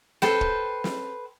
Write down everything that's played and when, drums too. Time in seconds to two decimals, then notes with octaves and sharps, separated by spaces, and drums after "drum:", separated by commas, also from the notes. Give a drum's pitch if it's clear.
0.22 A4 B4 C5 G5, drum: snare
0.41 drum: kick
0.84 drum: snare